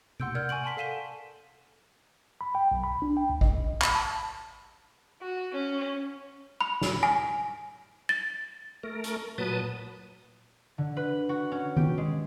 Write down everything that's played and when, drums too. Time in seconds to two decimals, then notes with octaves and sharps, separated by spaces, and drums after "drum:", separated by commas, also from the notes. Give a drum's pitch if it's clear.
0.20 F#5 C6 E6 G6 D7, drum: tom C3
0.35 A#4 D5 F#5 F6 G6 G#6
0.49 G#5 C#6 D7 F#7
0.64 F#5 A5 C6 B6 D7
0.77 A4 F5 B6 D#7 E7 G7
2.41 B5
2.55 G5
2.71 B1
2.84 B5
3.02 D4
3.17 G5
3.29 D2
3.41 D#5, drum: kick G#1
3.57 C2
3.69 A#1
3.81 B5, drum: clap
3.95 A5
5.21 F#4
5.53 C#4
6.61 B5
6.82 drum: snare
7.03 G#5
8.09 A6
8.83 A3 A#4
9.04 drum: hi-hat
9.38 A#2 F#3 B4 A5 D#6
10.78 D3
10.97 B4
11.29 F#4
11.51 C#4
11.77 G4, drum: tom D#3
11.98 G#3